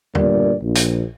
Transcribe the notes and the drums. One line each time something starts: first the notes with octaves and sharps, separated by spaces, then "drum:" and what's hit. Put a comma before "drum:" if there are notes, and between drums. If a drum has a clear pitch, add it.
G1 G2 A#2 A#4 D5, drum: tom E2
A#1
drum: hi-hat